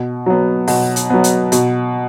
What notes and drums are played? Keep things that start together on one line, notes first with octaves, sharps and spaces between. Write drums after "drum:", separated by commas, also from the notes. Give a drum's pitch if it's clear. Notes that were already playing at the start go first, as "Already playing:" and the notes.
Already playing: B2
F#3 B3
B2, drum: open hi-hat
drum: hi-hat
F#3 B3
drum: hi-hat
B2, drum: hi-hat